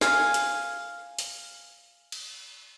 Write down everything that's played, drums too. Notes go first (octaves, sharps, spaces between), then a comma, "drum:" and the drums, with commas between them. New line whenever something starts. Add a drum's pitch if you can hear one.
F5 G#5, drum: snare
drum: hi-hat
drum: hi-hat
drum: cymbal